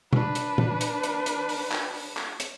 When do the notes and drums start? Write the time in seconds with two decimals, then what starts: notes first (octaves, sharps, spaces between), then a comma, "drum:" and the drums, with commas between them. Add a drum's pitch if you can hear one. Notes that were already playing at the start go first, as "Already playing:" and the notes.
0.13 D4 B4, drum: tom B2
0.35 drum: hi-hat
0.58 drum: tom A#2
0.81 drum: hi-hat
1.03 drum: hi-hat
1.26 drum: hi-hat
1.49 drum: open hi-hat
1.72 drum: clap
1.94 drum: open hi-hat
2.17 drum: clap
2.40 drum: hi-hat